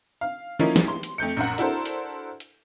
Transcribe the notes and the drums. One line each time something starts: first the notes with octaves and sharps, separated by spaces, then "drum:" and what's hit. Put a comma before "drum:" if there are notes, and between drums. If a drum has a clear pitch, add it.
F5
F3 A#3 C#4 D#4 E4
drum: snare
C6
drum: hi-hat
F2 A3 G6 C#7
A#1 F#2 F#5
D4 E4 F#4 A4 A#4 C5, drum: hi-hat
drum: hi-hat
drum: hi-hat